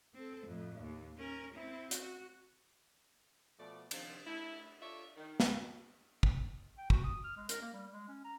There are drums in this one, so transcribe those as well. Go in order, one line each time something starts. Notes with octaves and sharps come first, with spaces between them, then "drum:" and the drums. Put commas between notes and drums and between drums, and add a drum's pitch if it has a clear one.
C4 A4
F2 A2
D#2
C#4 A#4
C4 E4
F#4, drum: hi-hat
B2 F3 A3 D5
C3 D#3 F3, drum: cymbal
A3 E4
F4 A4 C#5 D5 E5
D#3
drum: snare
drum: kick
G5
F#4, drum: kick
D#6
F6
G#3
A#4, drum: hi-hat
A#3
G3
G#3
C#4
A#5